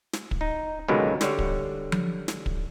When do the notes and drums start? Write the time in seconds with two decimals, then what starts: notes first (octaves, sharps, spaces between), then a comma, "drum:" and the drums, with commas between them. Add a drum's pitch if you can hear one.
0.13 drum: snare
0.31 drum: kick
0.41 D#4
0.88 C#2 B2 D3 D#3 F#3 G#3
1.21 D3 G3 C#5, drum: snare
1.39 drum: kick
1.92 drum: tom F3
2.28 drum: snare
2.46 drum: kick